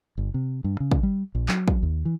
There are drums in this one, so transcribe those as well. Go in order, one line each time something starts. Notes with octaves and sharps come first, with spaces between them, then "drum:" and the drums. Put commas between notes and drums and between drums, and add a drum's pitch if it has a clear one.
G1
C3
G2
C#3
drum: kick
G3
A#1
F#3, drum: clap
drum: kick
D#2
E3